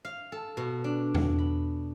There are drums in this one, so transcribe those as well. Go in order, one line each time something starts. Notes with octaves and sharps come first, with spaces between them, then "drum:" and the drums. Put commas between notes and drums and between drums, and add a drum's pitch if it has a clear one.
F5
A4
B2
D4
drum: tom E2
B5